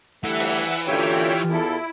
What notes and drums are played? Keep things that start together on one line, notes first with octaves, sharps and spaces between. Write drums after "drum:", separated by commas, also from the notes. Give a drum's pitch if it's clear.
D3 E3 G3 A3 E5 F#5
drum: cymbal
F#2 A#2 D3 F4 G4 C#5 E5 G5
E2 E4 A4